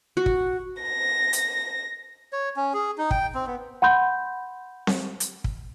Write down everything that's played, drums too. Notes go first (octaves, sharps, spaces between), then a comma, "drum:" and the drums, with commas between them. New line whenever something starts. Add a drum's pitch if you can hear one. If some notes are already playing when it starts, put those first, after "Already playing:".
F#4
drum: kick
A#6
drum: hi-hat
C#5
C#4
G#4
D#4
G5, drum: kick
C4
B3
F#5 B5 C6 G6
drum: snare C4
drum: hi-hat
drum: kick